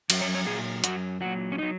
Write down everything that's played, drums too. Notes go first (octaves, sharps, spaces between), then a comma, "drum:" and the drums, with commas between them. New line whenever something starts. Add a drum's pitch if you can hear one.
F#2 F#3, drum: cymbal
C#5
C#5
A#2 F#3 G#4
F#2 F#3 F#4, drum: hi-hat
A#2 F#3 F#4
C#4
F#3 D#4